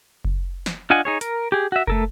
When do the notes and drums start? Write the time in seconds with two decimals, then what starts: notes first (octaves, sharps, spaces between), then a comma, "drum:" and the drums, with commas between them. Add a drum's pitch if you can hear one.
0.25 drum: kick F#1
0.66 drum: snare
0.90 D4 F4 D#5 F#5 G#5
1.05 D#4 G#4 C#5
1.21 A#4, drum: hi-hat
1.52 G4 G#4
1.72 F#4 E5
1.87 A3 A4 A#4, drum: kick F#1